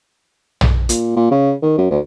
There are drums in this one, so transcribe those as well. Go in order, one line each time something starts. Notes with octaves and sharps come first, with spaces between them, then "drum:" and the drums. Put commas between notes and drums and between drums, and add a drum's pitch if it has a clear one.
drum: tom
A#2, drum: hi-hat
A#2
C#3
D#3
F#2
D2